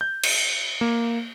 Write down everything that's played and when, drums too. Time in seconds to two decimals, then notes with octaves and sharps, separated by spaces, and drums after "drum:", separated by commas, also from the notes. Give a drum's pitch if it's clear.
0.01 G6
0.23 drum: cymbal
0.81 A#3